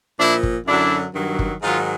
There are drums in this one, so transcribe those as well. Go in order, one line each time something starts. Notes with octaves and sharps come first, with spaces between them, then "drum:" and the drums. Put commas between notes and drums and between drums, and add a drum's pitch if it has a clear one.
A#2 F3 D4 E4
drum: kick
F#2 D3 F#3 D4 E4
G2 D#3 F#3
drum: kick
G#2 D#3 F#3 D#4 F4